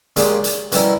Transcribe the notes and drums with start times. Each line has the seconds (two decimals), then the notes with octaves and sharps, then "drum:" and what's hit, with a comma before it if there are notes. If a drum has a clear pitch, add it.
0.16 A#2 G#3 C#4 G4, drum: hi-hat
0.44 drum: hi-hat
0.72 B2 G3 C#4 E4 A#4, drum: hi-hat